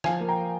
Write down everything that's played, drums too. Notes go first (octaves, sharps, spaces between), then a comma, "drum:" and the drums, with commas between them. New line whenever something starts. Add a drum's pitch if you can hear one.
F3 F5 G#5, drum: rim click
A#3
G5 A#5